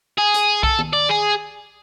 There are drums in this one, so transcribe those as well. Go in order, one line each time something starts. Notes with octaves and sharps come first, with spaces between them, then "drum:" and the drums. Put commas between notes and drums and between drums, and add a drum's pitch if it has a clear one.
G#4
drum: hi-hat
A4, drum: kick B1
drum: tom D#3
D5
G#4